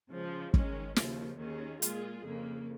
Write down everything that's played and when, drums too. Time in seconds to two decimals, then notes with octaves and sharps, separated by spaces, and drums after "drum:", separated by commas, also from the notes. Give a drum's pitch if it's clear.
0.10 C#3 F3 G#3
0.54 D#3 G#3 C#4, drum: kick
0.96 D#2 C#3 F3, drum: snare
1.39 D#2 D#3 C#4 G#4
1.82 A#2 G#3 F4 G#4, drum: hi-hat
2.25 F2 C#3 A#3